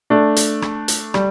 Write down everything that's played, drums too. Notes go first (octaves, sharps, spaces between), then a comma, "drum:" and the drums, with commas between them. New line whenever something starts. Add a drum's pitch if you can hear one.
A3 D4
drum: hi-hat
drum: rim click
drum: hi-hat
G3, drum: rim click